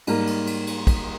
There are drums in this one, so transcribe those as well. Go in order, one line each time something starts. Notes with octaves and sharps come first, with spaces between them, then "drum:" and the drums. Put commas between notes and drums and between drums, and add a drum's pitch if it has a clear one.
G#2 G3 A#3, drum: cymbal
drum: cymbal
drum: cymbal
drum: cymbal
drum: kick, cymbal